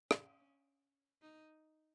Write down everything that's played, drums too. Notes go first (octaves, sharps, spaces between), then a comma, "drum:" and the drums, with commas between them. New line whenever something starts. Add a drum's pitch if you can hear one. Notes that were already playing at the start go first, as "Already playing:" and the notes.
C#4, drum: rim click
D#4